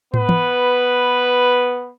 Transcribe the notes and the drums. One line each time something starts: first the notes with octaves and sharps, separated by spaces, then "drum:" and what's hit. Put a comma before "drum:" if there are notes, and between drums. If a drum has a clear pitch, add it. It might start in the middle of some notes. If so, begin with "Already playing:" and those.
B3 B4, drum: tom
drum: tom E3